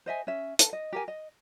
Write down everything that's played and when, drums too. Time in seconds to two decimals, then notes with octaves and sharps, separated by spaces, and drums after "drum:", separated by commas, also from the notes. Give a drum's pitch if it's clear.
0.06 C5 D#5 E5 G#5
0.27 C#4 E5
0.59 A4, drum: hi-hat
0.73 D#5
0.93 G4 A#4 G#5
1.08 D#5